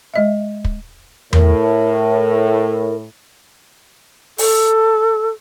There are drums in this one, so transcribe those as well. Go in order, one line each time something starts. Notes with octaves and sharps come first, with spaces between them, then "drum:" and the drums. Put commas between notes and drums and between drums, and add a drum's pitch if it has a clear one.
G#3 D#5 E5
drum: kick
A2 A#4, drum: tom E2
A4, drum: open hi-hat